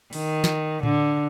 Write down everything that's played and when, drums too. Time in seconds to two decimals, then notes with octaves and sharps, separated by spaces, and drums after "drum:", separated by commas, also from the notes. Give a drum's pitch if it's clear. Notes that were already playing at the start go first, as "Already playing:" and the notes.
0.13 D#3, drum: open hi-hat
0.44 drum: snare
0.83 D3, drum: tom A2